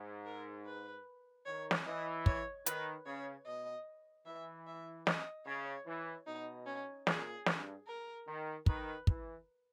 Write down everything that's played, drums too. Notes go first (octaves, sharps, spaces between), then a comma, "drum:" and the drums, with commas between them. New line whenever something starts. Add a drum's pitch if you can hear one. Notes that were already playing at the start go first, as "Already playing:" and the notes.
Already playing: G#2
A#4
B4
D#3 C#5
drum: snare
E3 D#5
C#5, drum: kick
D#3 B4, drum: hi-hat
C#3 C#5
B2 D#5
E3 E5
E5
D#5, drum: snare
C#3 C#5
E3
B2 D#4
C#4
A#2 G#4, drum: snare
G2, drum: snare
A#4
D#3
D#3 B4, drum: kick
E3, drum: kick